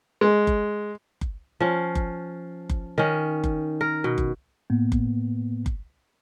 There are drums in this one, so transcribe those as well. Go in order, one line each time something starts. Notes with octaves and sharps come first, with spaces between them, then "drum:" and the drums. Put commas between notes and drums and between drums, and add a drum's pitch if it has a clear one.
G#3
drum: kick F#1
drum: kick F#1
F3 C#4
drum: kick F#1
drum: kick F#1
D#3 C#4
drum: kick F#1
A#4
B2
drum: kick F#1
A2 A#3 B3
drum: kick F#1
drum: kick F#1